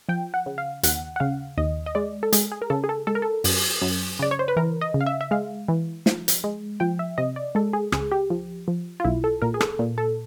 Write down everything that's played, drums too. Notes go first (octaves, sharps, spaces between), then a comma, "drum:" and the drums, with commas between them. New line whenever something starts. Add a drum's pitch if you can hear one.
F3 G5
F#5
C#3
F5
D#2 F#5, drum: hi-hat
F#5
C#3 F5
D#2 D#5
D#5
G#3 D5
A4
G#3 G#4, drum: hi-hat
G#4
A#4
C#3 A4
G#4
A4
G#3 A4
A#4
A4
F#2, drum: open hi-hat
F#2
C#3 D5
C#5
C5
B4
E3 A#4
D#5
C#3
F5
E5
E5
G#3 F5
E3
F3, drum: snare
drum: hi-hat
G#3
F3 G5
E5
C3 D#5
D5
G#3 A4
G#4
C#2 G#4, drum: rim click
G4
F3
F3
F4
B1 E4
A4
A#2 A#4
G#4
A4, drum: rim click
A#2
A4